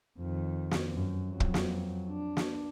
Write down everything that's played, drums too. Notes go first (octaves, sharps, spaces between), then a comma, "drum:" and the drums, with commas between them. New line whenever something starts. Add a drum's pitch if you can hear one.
F2 D#3
drum: snare
F#2
F2 F#3
drum: kick
drum: snare
D4
drum: snare